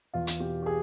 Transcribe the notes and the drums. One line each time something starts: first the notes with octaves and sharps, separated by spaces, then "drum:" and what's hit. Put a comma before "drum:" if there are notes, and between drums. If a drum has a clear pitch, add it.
E2 F4
drum: hi-hat
B2 G4
G4
G#4